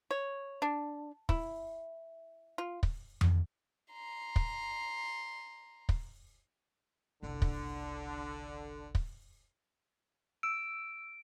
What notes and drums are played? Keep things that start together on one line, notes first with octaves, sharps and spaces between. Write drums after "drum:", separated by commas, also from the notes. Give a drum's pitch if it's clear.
C#5
D4
E4, drum: kick
F4
drum: kick
drum: tom F2
A#5 C6
drum: kick
drum: kick
F#1 C2 D3
drum: kick
drum: kick
E6 D7